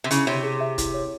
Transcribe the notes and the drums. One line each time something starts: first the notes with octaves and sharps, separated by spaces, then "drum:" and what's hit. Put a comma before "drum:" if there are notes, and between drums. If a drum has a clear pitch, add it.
C3
C#3 E4, drum: hi-hat
C3 C#5
G#4
E5
E4, drum: kick, hi-hat
C#5